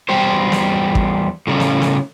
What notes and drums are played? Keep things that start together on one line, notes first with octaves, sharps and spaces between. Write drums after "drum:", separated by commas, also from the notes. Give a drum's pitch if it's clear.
E2 G3 G4 C5
drum: snare
drum: kick
A2 C#3 G3
drum: snare
drum: snare